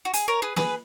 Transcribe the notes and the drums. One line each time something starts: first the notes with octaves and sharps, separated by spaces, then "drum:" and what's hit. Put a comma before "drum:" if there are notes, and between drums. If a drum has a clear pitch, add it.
F#4
G#4, drum: hi-hat
A#4 C#5
G#4 B4
G#4 B4, drum: snare